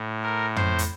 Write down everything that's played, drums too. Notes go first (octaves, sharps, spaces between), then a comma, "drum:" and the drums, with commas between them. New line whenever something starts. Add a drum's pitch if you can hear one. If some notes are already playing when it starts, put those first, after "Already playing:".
Already playing: A2
A#4
C5, drum: tom
drum: hi-hat